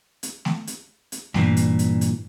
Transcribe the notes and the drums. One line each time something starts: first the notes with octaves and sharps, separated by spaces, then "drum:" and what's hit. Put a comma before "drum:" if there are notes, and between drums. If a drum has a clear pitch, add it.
drum: hi-hat
drum: snare A3
drum: hi-hat
drum: hi-hat
G2 A#2 E3, drum: snare A3
drum: hi-hat
drum: hi-hat
drum: hi-hat